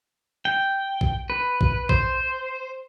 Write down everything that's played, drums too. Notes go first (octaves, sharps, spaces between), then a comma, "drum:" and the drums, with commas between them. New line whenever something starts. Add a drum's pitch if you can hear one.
G5
drum: kick A#1
B4
drum: kick A#1
C5, drum: kick A#1